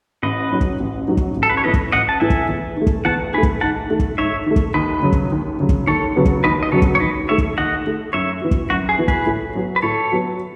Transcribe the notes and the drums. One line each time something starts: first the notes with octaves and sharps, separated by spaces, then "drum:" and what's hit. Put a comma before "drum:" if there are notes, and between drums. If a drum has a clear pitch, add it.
A1 B4 D#5
G#2 F#3 C#4 F#4
drum: kick
A1
G#2 F#3 C#4 F#4
drum: kick
A1
A4
B4
C#5
A2 E3 B3 B4 D#5
drum: kick
A1 D#5 F#5
A5
A2 E3 B3 E5 G#5
drum: kick
E2
D#3 A3
drum: kick
E2 F#5 A5
D#3 A3 G#4 B4
drum: kick
G#2 F#5 A5
D#3 A3
drum: kick
G#2 C#5 E5
D#3 A3
drum: kick
D#2 B4 D#5
C#3 F#3
drum: kick
D#2
C#3 F#3
drum: kick
D#2 A4 C#5
C#3 F#3 B3 F#4
drum: kick
D#2 B4 D#5
D#5
C#3 F#3 B3 F#4 A4 C#5
drum: kick
C#5
D#2 B4 D#5
D#3 A3 C#5 E5
drum: kick
D#2 D#5 F#5
D#3 A3
F#2 C#5 E5
E3 B3 F#4
drum: kick
F#2 F#4
G#4
E3 B3 F#4
G#4 B4, drum: kick
A2
F#3 B3 F#4
B4
A2 A4 C#5
F#3 B3 F#4